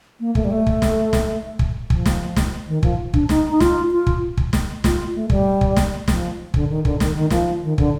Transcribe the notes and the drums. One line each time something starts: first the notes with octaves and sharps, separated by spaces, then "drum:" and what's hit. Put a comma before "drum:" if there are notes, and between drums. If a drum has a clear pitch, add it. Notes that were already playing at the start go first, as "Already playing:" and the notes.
A#3
A3, drum: kick
G3
A3
drum: kick
drum: snare
drum: snare
drum: kick
F3, drum: kick
drum: snare
drum: snare
D#3
F3, drum: kick
D4, drum: kick
D#4, drum: snare
D#4
F4, drum: snare
F4
drum: kick
drum: kick
drum: snare
F4, drum: snare
A3
G3, drum: kick
drum: kick
drum: snare
F3, drum: snare
D3, drum: kick
D#3
D3, drum: kick
D#3, drum: snare
D#3
F3, drum: snare
D#3
D3, drum: kick